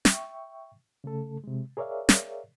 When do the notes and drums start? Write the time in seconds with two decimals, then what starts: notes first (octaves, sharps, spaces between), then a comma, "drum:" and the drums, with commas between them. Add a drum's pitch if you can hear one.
0.05 E5 G5 C#6, drum: snare
1.04 C#3 A3 A4
1.44 C3 G#3
1.77 G#4 A#4 C#5 D5 E5 F5
2.09 drum: snare